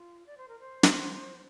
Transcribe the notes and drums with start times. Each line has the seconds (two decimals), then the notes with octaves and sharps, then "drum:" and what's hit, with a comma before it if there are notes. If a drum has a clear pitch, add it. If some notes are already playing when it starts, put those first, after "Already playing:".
Already playing: F4
0.26 D5
0.37 C5
0.48 A#4
0.59 C5
0.83 drum: snare